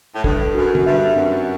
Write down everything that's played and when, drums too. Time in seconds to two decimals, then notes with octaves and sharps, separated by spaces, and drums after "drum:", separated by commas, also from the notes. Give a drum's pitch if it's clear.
0.15 A2
0.24 G2 A4, drum: kick
0.55 F#2 F#4
0.75 drum: tom
0.86 G2 E5
1.16 F#2 C4